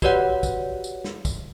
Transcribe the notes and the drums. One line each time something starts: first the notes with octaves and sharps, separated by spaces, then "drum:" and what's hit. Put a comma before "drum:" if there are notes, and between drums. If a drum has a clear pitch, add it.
F#4 G4 B4 C#5 D5 F#5, drum: kick, tambourine
drum: kick, tambourine
drum: tambourine
drum: snare
drum: kick, tambourine